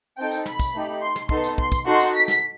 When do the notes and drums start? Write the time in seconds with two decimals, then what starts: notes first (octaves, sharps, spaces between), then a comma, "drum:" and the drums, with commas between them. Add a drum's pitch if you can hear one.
0.18 C4 D#4 A4 G5
0.31 drum: tambourine
0.46 B5, drum: snare
0.59 drum: kick, tambourine
0.74 A3 D#4 G4
1.02 C6
1.16 drum: snare
1.29 B3 D#4 A4 C6, drum: kick
1.44 drum: tambourine
1.58 C6, drum: kick
1.72 drum: kick, tambourine
1.86 D#4 F#4 A4 C6
2.00 drum: tambourine
2.14 B6
2.28 drum: snare